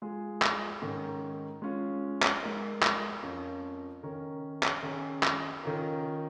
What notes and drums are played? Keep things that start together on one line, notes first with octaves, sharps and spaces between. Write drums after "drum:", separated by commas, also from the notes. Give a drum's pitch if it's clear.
G#3 F4 G#4
drum: clap
G#2 D#3 C#4 A#4
G#3 C#4 F4
drum: clap
G#3 D#4 A#4
drum: clap
F2 F3 C#4 F4 A#4
D#3 C#4 A#4
drum: clap
D#3 C#4 G#4
drum: clap
D#3 C#4 F4 A#4